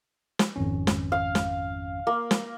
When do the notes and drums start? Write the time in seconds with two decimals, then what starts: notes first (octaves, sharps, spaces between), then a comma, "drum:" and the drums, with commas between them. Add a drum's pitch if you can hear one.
0.39 drum: snare
0.56 G#1 F2 C#4
0.87 drum: snare
1.12 F5
1.35 drum: snare
2.07 A#3
2.31 drum: snare